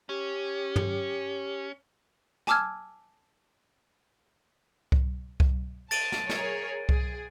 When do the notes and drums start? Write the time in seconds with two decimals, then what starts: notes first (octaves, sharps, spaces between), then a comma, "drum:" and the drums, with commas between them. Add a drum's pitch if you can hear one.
0.09 C#4 G4
0.76 drum: tom
2.47 G#5 A5 D6 E6 F6 G#6, drum: snare
4.92 drum: kick C2
5.40 drum: kick C2
5.91 A5 A6 D7 D#7, drum: cymbal
6.12 drum: snare
6.29 G#4 A#4 C#5, drum: snare
6.89 G#4, drum: kick C2